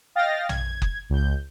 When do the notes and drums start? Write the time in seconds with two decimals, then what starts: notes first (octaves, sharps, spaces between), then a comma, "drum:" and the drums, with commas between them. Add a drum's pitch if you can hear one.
0.15 D#5 F5 G5 F6 A6 A#6
0.49 G#6, drum: tom A#1
0.82 drum: kick F#1
1.10 C#2 G6